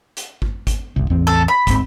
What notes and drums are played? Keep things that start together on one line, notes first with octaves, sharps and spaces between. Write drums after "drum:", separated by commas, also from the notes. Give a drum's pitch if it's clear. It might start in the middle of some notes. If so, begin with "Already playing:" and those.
drum: hi-hat
drum: kick
drum: kick, hi-hat
F#1 C2
A1 E2 C4
A4
B5
D1 G#2 C4, drum: kick, hi-hat